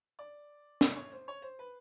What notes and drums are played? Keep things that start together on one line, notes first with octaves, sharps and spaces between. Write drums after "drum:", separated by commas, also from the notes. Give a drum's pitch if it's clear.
D5
C#5, drum: snare
C#5
C5
C#5
C5
B4